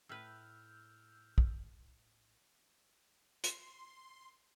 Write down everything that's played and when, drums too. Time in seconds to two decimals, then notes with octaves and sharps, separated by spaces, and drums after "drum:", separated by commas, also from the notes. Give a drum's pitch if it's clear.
0.09 A2 B4 E6 F6 G6
1.38 drum: kick
3.44 C6, drum: hi-hat